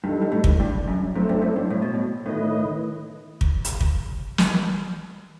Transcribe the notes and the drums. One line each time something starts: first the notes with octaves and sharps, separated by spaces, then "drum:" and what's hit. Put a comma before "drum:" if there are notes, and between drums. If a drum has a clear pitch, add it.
G2 E3 G3 D#4 A4
G2
A2
drum: kick
G2
F#2
F#2 A3 C4 E4 A4 C5
G2
F#2
G2
A2
B2
A2
A2 D#3 A3 E4 B4 D#5
drum: kick
drum: hi-hat
drum: kick
drum: snare